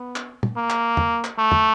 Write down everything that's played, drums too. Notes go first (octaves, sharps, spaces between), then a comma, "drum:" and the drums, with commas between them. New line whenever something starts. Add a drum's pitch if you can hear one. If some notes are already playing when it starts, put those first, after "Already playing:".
Already playing: B3
drum: clap
drum: tom
A#3
drum: clap
drum: tom
drum: clap
A3
drum: tom